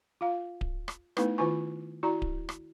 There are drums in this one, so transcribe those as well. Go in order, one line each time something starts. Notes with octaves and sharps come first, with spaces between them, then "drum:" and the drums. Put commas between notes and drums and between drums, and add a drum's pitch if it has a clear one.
F4 F5
drum: kick D1
drum: rim click
A3 B3 D#4 E4 B4, drum: rim click
D#3 E4 F4 B4 G#5 C#6
E4 F#4 D5 A#5
drum: kick D1
drum: rim click